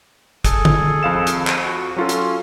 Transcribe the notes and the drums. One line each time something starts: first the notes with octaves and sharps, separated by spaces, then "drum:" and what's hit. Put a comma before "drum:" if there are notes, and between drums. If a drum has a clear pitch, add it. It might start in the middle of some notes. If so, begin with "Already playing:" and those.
G#4 A4, drum: kick, hi-hat
drum: tom
F2 F5 E7
drum: hi-hat
drum: clap
F#4
F#3 C#4 F4 A4
drum: hi-hat